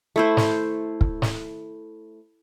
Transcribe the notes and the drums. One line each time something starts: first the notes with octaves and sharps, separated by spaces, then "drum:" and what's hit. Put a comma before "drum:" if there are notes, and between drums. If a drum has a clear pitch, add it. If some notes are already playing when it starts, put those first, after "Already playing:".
A3 E4 C5
drum: snare
drum: kick
drum: snare